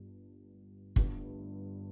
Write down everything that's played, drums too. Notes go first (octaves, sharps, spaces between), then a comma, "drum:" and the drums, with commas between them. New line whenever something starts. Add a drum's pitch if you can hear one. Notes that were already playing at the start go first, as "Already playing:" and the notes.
Already playing: G1 G2 D3
G1 G2 D3, drum: kick